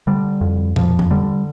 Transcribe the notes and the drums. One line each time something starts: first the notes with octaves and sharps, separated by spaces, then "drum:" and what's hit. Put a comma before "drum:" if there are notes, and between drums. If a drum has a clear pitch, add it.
D3 G3
F2
F2 F3, drum: tom
drum: tom E2
D3 G3